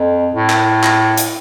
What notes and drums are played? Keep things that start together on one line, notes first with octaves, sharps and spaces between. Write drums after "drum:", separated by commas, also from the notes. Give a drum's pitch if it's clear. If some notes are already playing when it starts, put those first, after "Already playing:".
Already playing: F2
A2
drum: clap
drum: clap
drum: hi-hat